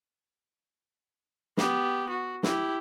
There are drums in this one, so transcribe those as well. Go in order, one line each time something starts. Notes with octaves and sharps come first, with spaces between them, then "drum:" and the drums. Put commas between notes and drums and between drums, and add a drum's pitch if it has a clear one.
B3 G4, drum: snare
F#4
E4 G4, drum: snare